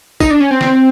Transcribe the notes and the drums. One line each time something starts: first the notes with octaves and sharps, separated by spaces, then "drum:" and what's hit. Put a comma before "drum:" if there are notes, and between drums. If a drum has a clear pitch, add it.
D#4, drum: kick, tambourine
D4
C#4
C4
drum: snare